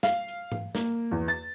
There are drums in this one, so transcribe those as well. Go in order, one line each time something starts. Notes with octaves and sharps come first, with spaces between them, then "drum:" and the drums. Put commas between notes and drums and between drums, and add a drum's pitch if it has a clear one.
F5, drum: snare
drum: hi-hat
drum: tom G#2
A#3, drum: snare
E2
A6